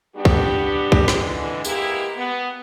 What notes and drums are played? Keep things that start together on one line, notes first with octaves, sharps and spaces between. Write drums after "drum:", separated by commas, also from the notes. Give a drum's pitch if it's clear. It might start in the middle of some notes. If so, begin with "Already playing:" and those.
G3 B3 D4 F#4 G4
drum: kick
drum: kick
D3 E3 G#3, drum: snare
G#3 A#3 B3 E4 G4, drum: tambourine
B3